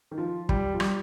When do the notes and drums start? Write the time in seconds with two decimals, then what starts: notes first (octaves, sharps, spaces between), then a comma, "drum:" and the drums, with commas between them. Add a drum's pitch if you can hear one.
0.11 D#3
0.18 F3
0.49 G3, drum: kick
0.74 F3
0.80 G3, drum: rim click